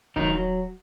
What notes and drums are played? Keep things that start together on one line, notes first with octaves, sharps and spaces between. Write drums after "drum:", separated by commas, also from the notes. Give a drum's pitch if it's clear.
D#3 F#3 D#4, drum: kick D#1
F#3